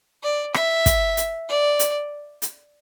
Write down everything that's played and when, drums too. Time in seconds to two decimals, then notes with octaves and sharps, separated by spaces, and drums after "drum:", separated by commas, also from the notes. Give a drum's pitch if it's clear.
0.23 D5
0.54 E5, drum: rim click
0.86 drum: kick, hi-hat
1.17 drum: hi-hat
1.49 D5
1.79 drum: hi-hat
2.42 drum: hi-hat